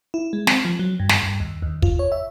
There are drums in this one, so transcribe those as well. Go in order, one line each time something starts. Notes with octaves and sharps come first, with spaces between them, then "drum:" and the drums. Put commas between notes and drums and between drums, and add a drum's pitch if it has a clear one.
E4
G#3
C4, drum: snare
F3
F#3
G2
drum: snare
G2
D#2
D#2
F4, drum: kick
C#5
E5